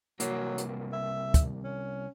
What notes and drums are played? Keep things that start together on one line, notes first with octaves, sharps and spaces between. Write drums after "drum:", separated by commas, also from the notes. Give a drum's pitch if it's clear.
C2 F#3 A#3, drum: hi-hat
drum: hi-hat
E5
drum: kick, hi-hat
C#4